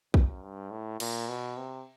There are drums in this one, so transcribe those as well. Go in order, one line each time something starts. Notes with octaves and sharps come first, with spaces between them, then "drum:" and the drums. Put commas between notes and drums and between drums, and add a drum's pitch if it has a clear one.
F#2, drum: kick
G2
A2
A#2, drum: cymbal
B2
C3